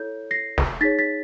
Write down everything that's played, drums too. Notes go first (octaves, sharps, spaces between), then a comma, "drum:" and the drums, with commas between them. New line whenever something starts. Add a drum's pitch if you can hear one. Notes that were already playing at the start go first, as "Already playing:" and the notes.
Already playing: E4 A4 C#5 G6
A#6 C7
drum: snare
D#4 G#4 C#5 A6 B6
A6 B6